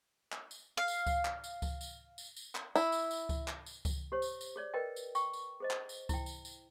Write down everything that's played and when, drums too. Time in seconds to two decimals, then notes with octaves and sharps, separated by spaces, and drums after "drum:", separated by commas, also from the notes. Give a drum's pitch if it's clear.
0.32 drum: clap
0.51 drum: tambourine
0.77 F5
0.88 drum: tambourine
1.07 drum: kick C#2, tambourine
1.25 drum: clap
1.44 drum: tambourine
1.62 drum: kick C#2, tambourine
1.81 drum: tambourine
2.18 drum: tambourine
2.36 drum: tambourine
2.55 drum: clap
2.76 E4, drum: tambourine
2.92 drum: tambourine
3.11 drum: tambourine
3.29 drum: kick C#2, tambourine
3.48 drum: clap
3.66 drum: tambourine
3.85 drum: kick C#2, tambourine
4.12 G4 C5 C#5
4.22 drum: tambourine
4.41 drum: tambourine
4.56 G#4 C#5 D5
4.74 A#4 B4 D#5 G5
4.96 drum: tambourine
5.15 G5 C#6, drum: tambourine
5.33 drum: tambourine
5.60 G#4 C5 D#5
5.71 drum: clap
5.89 drum: tambourine
6.09 E4 G5, drum: kick C#2, tambourine
6.26 drum: tambourine
6.45 drum: tambourine